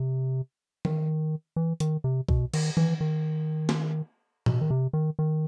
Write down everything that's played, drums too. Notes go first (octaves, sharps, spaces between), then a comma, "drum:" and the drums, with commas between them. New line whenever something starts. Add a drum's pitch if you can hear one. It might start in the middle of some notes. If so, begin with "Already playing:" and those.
Already playing: C3
D#3, drum: tom D#3
E3
D#3, drum: hi-hat
C3
B2, drum: kick B1
D#3, drum: cymbal
E3, drum: tom D#3
D#3
drum: snare
B2, drum: tom A2
D#3
C3
D#3
D#3